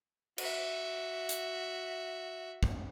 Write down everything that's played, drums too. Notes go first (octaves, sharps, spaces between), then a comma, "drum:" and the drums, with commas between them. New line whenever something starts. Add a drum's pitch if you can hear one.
F#4 E5, drum: cymbal
drum: hi-hat
drum: kick